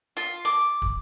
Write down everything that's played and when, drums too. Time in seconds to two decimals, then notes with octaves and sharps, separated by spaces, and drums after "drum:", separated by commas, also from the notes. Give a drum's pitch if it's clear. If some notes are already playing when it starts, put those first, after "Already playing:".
0.17 F4
0.45 D6
0.82 drum: kick